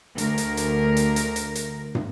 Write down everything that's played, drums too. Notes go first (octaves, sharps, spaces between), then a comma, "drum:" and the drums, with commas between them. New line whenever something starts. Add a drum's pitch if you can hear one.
D2 A#4, drum: hi-hat
drum: hi-hat
drum: hi-hat
drum: hi-hat
drum: hi-hat
drum: hi-hat
drum: hi-hat
drum: tom